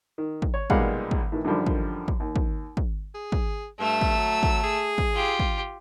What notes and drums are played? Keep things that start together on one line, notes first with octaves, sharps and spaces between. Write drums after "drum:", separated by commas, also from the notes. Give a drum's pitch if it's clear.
D#3
drum: kick
C#5
B1 A#2 G3 G#3 F5 F#5, drum: kick
drum: kick
A2 D#3 E3
F#2 D3 D#3 F3 G3
drum: kick
drum: kick
D#2
drum: kick
drum: kick
G#4
drum: kick
G2 A3 E6
drum: kick
F#3
drum: kick
G#4
drum: kick
F4 G4
drum: kick